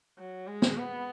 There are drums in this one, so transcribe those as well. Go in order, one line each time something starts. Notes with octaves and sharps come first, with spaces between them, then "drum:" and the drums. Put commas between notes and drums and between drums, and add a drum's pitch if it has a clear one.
F#3
G#3
drum: snare
B3